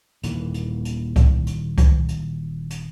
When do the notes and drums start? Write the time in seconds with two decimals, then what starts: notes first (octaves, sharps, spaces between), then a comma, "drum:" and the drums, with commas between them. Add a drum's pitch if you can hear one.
0.23 D#1 D#2 E3 A#3, drum: hi-hat
0.54 drum: hi-hat
0.85 drum: hi-hat
1.16 drum: kick C2, hi-hat
1.47 drum: hi-hat
1.78 drum: kick C2, hi-hat
2.08 drum: hi-hat
2.70 drum: hi-hat